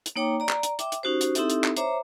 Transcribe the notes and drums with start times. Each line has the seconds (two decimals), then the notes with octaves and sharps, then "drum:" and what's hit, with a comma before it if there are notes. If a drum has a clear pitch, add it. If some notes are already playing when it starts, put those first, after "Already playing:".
0.06 drum: hi-hat
0.16 A#3 D#4 C#5 G5 A#5 D6
0.40 D5 A#5
0.49 drum: clap
0.63 drum: hi-hat
0.79 E5 G5 D6, drum: hi-hat
0.92 drum: hi-hat
1.03 C#4 D#4 F#4 G4 C5
1.21 drum: hi-hat
1.35 C4 D#4 E4 G4 A4 E5, drum: hi-hat
1.50 drum: hi-hat
1.64 drum: clap
1.77 C5 C#5 E5 A#5 D6, drum: hi-hat